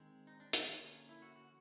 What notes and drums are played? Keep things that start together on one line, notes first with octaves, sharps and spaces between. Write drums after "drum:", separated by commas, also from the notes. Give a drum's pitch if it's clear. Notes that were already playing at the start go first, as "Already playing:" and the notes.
Already playing: D#3 G#3 C4
D#4
D4
D4, drum: hi-hat
D3 F3 A#3 C#4
E4
F#4
F#4